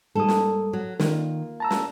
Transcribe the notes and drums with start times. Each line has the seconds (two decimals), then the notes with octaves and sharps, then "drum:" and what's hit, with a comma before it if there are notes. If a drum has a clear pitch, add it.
0.15 G#2 G3 A#3 A4 D#6
0.29 drum: snare
0.73 F#3
1.00 D#3 A#3 F4, drum: snare
1.60 A5 A#5 E6
1.71 drum: snare